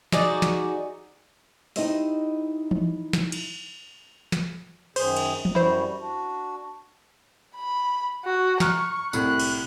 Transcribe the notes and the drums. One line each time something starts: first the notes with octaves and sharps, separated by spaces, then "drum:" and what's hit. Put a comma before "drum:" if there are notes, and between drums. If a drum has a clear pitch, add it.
D#4 F#4 G#4 D5, drum: snare
drum: snare
D#4 E4 G4 C5 D#5 E5, drum: open hi-hat
drum: tom E3
drum: snare
drum: cymbal
drum: snare
F#2 D#3 G#4 C5, drum: cymbal
drum: cymbal
drum: tom E3
F#2 G3 E4 F#4 C5
D4 F#4
B5
F#4
A#5 C#6 F6 F#6, drum: snare
C2 A2 C3 F#6, drum: tambourine
drum: cymbal